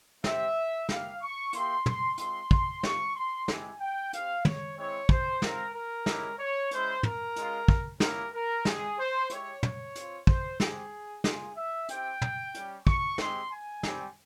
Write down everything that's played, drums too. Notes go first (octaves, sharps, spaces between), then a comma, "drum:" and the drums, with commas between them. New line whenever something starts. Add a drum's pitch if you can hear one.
C4 G4 E5, drum: snare
A#3 E4 G4 F5, drum: snare
C#6
A#3 E4 G4 C6, drum: hi-hat
C6, drum: tom
G#3 C4 F4 C6, drum: hi-hat
C6, drum: kick
C4 F4 C#6, drum: snare
C6
G#3 C4 E4 G4 G#5, drum: snare
G5
C4 G4 F5, drum: hi-hat
C#5, drum: tom
G#3 C4 E4 C#5
C5, drum: kick
C4 F4 A#4, drum: snare
A#4
G#3 C#4 E4 G4, drum: snare
C#5
G#3 C#4 E4 C5, drum: hi-hat
A#4, drum: tom
G#3 C#4 F4, drum: hi-hat
drum: kick
A#3 C#4 E4 G4 A#4, drum: snare
A#4
G#3 C4 G4 G#4, drum: snare
C5
G#3 E4 G4 C#5, drum: hi-hat
C#5, drum: tom
C4 F4, drum: hi-hat
C5, drum: kick
C4 G4 G#4, drum: snare
A#3 F4 G#4, drum: snare
E5
C4 E4 G4 G5, drum: hi-hat
drum: tom
G3 C#4 G4, drum: hi-hat
C#6, drum: kick
G#3 C4 G4 C6, drum: snare
G#5
G3 C4 G4, drum: snare